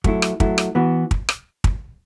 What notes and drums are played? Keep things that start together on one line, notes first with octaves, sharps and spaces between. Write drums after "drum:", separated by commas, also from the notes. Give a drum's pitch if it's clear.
F#3 A3 E4, drum: kick
drum: rim click
F#3 A3 E4, drum: kick
drum: rim click
E3 B3 F#4
drum: kick
drum: rim click
drum: kick